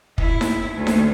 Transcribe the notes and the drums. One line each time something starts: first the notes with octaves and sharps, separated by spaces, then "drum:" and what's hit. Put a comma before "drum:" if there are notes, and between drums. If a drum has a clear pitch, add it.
E4, drum: kick
drum: snare D#4
D2
drum: snare D#4